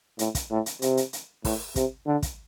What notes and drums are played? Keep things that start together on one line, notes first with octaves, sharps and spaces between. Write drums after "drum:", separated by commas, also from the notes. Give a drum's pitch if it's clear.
A2, drum: hi-hat
drum: kick, hi-hat
A2
drum: hi-hat
C3, drum: hi-hat
drum: hi-hat
drum: hi-hat
A2, drum: kick, open hi-hat
C3, drum: kick, hi-hat
D3
drum: kick, hi-hat